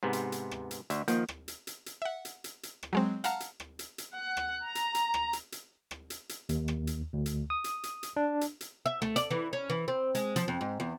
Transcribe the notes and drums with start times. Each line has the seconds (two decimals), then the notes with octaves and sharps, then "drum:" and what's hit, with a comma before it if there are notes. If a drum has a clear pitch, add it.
0.03 G#2 C3 B3
0.13 drum: hi-hat
0.32 drum: hi-hat
0.51 drum: rim click
0.71 drum: hi-hat
0.90 D2 E5, drum: hi-hat
1.08 D#3 F3 A#3, drum: hi-hat
1.28 drum: rim click
1.48 drum: hi-hat
1.67 drum: hi-hat
1.86 drum: hi-hat
2.02 E5 F#5
2.25 drum: hi-hat
2.44 drum: hi-hat
2.63 drum: hi-hat
2.83 drum: rim click
2.93 F#3 G#3 C4
3.24 F5 F#5 A5 A#5 F6, drum: hi-hat
3.40 drum: hi-hat
3.60 drum: rim click
3.79 drum: hi-hat
3.98 drum: hi-hat
4.14 F#5
4.37 drum: rim click
4.65 A#5
4.75 drum: hi-hat
4.95 drum: hi-hat
5.14 drum: rim click
5.33 drum: hi-hat
5.52 drum: hi-hat
5.91 drum: rim click
6.10 drum: hi-hat
6.29 drum: hi-hat
6.49 D#2, drum: hi-hat
6.68 drum: rim click
6.87 drum: hi-hat
7.13 D2
7.26 drum: hi-hat
7.50 D#6
7.64 drum: hi-hat
7.83 drum: hi-hat
8.03 drum: hi-hat
8.17 D4
8.41 drum: hi-hat
8.61 drum: hi-hat
8.86 E5
9.02 A3, drum: rim click
9.16 D5, drum: hi-hat
9.31 E3
9.53 C#4
9.70 E3
9.88 C4
10.15 G#3, drum: hi-hat
10.36 F3, drum: hi-hat
10.48 F2
10.61 G#2
10.80 E2